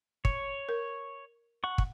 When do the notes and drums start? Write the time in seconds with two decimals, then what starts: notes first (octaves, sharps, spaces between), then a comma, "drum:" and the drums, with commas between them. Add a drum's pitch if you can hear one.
0.25 C#5, drum: kick
0.69 A#4
1.64 F#5 C#6
1.78 drum: kick